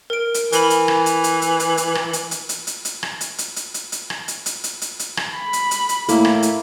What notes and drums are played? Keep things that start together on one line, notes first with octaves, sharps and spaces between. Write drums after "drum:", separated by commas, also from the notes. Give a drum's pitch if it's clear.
A#4 D7
drum: hi-hat
E3 A#4 B5, drum: hi-hat
drum: hi-hat
drum: rim click
drum: hi-hat
drum: hi-hat
drum: hi-hat
drum: hi-hat
drum: hi-hat
drum: rim click
drum: hi-hat
drum: hi-hat
drum: hi-hat
drum: hi-hat
drum: hi-hat
drum: rim click
drum: hi-hat
drum: hi-hat
drum: hi-hat
drum: hi-hat
drum: hi-hat
drum: rim click
drum: hi-hat
drum: hi-hat
drum: hi-hat
drum: hi-hat
drum: hi-hat
drum: rim click
B5
drum: hi-hat
drum: hi-hat
drum: hi-hat
A2 A#3 E4, drum: hi-hat
drum: rim click
drum: hi-hat